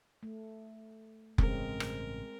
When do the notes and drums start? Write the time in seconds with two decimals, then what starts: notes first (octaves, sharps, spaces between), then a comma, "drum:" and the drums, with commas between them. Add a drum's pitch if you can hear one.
0.23 A3
1.38 A1 G2 C#3 G#3 C4 A#4, drum: kick F1
1.80 drum: rim click